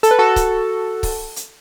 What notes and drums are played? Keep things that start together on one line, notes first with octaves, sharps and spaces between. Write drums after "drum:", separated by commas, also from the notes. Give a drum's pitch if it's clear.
A4, drum: hi-hat
B4
F#4 A4
drum: kick C#1, hi-hat
drum: kick C#1, open hi-hat
drum: hi-hat